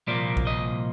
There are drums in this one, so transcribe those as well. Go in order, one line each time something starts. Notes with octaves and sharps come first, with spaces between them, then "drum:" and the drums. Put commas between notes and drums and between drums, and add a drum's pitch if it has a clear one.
C2 A#2 F3 A#3 D5
drum: kick
D#5